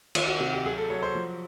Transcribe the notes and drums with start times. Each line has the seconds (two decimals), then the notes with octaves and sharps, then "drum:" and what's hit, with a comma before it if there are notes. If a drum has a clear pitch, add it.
0.15 D#3 F4, drum: cymbal
0.28 F#4
0.40 C3 F#4
0.53 G4
0.65 F#3 G#4
0.78 A4
0.90 F#3 C#5
1.02 C5
1.15 F3